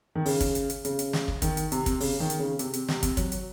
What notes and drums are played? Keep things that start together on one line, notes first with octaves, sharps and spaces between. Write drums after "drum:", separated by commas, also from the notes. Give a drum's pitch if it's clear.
D#3
C#3, drum: open hi-hat
drum: kick, hi-hat
drum: hi-hat
drum: hi-hat
C#3, drum: hi-hat
drum: hi-hat
drum: snare
drum: kick
D#3, drum: kick, hi-hat
drum: hi-hat
C3, drum: hi-hat
drum: kick, hi-hat
C#3, drum: open hi-hat
D#3
drum: hi-hat
C#3
C3, drum: hi-hat
drum: hi-hat
C3, drum: snare
drum: kick, hi-hat
F#3, drum: kick, hi-hat
drum: hi-hat